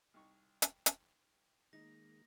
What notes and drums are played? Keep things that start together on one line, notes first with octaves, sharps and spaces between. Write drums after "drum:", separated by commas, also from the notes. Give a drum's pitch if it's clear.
C2 D#4 C#6
drum: hi-hat
drum: hi-hat
D#3 G#3 A#3 D#4 A#6